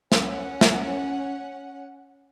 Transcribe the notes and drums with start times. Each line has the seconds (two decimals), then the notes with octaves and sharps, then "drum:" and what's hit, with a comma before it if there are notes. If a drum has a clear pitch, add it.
0.12 C#4 F#5, drum: snare
0.61 drum: snare